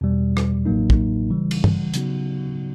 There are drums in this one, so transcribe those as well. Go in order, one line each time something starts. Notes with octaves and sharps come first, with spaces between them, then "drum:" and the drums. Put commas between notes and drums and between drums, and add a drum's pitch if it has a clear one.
E2 B2 G3
drum: rim click
A1 A2 F#3 A#3 D#4
drum: kick
C#3 E3 G3
drum: cymbal
drum: tom
C#3 F#3 B3 D#4 F#4, drum: hi-hat